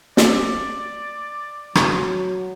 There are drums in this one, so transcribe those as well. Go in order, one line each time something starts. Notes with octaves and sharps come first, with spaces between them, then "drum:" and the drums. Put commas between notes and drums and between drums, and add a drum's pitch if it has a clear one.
D5, drum: snare
F#3, drum: rim click